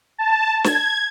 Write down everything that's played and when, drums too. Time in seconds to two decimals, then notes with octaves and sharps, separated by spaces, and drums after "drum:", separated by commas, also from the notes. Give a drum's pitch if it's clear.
0.18 A5
0.64 G#6, drum: snare